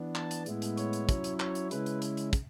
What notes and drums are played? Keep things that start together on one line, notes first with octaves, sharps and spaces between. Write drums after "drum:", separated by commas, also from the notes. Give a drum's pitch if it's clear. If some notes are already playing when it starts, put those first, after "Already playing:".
Already playing: E3 B3 D4
A5, drum: clap
drum: hi-hat
A2 G#3 B3 E4, drum: hi-hat
drum: hi-hat
C#5, drum: hi-hat
drum: hi-hat
F#3 C#4 E4, drum: kick, hi-hat
drum: hi-hat
C#5, drum: clap
drum: hi-hat
C#3 G#3 C#4 E4 B4, drum: hi-hat
drum: hi-hat
drum: hi-hat
drum: hi-hat
drum: kick, hi-hat